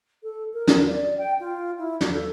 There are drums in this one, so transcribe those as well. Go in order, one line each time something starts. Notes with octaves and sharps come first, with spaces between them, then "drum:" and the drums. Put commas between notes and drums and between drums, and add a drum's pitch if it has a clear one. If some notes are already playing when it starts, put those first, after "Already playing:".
A4
A#4
drum: snare
D5
G5
F4
E4
D4, drum: snare
A4